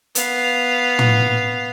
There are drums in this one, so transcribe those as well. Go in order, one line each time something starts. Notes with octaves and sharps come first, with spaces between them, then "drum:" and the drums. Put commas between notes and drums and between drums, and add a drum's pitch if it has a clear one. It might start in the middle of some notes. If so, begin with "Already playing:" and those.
B3 F5, drum: hi-hat
drum: tom